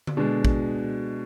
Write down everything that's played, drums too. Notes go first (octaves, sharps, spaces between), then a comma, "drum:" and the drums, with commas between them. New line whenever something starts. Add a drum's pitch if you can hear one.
drum: tom D3
B2 G#3 D4
drum: kick A1